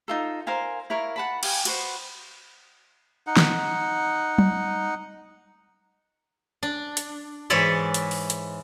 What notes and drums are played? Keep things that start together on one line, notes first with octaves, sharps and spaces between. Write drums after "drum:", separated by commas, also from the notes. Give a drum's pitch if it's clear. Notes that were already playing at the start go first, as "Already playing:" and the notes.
D#4 F4 A4
A#4 C5 F5 G#5
E4 A#4 C#5 F5
F#5 A5 B5
G4 F5 G#5, drum: cymbal
F#4 B4 C5 F#5, drum: cymbal
D#4 F#5
drum: snare
drum: tom F#3
D4
drum: hi-hat
G#2 E3 G#3 C#5 D5 E5
drum: hi-hat
drum: open hi-hat
drum: hi-hat